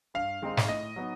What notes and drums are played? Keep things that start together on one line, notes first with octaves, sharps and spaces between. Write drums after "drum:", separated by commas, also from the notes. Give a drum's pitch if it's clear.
G2 F5
D#3 G#3 C4 D#4
drum: snare
A2 D#5
F#3 B3 D#4